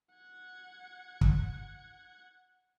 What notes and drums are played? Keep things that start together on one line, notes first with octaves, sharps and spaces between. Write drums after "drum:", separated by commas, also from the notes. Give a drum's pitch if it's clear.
F#5 G#6
drum: kick